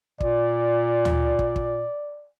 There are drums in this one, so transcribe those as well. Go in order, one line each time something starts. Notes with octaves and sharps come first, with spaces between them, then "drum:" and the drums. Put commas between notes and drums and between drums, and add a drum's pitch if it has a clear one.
A#2 D5, drum: kick
drum: tom D2
drum: kick
drum: kick